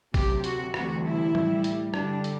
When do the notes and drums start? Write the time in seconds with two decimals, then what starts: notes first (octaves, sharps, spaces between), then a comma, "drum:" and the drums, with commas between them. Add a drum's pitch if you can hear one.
0.14 D2 C3 F#3 G4, drum: kick, open hi-hat
0.44 F#4, drum: hi-hat
0.74 D2 C3 E3 G3 F#4, drum: rim click
1.05 E4
1.35 A2 G3, drum: tom F3
1.64 drum: hi-hat
1.94 G2 D3 G3 D4, drum: rim click
2.24 drum: hi-hat